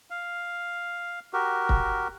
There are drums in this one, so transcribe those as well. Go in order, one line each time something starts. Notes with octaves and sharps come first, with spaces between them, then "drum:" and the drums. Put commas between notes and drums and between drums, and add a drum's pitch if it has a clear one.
F5
F#4 G4 A#4
drum: kick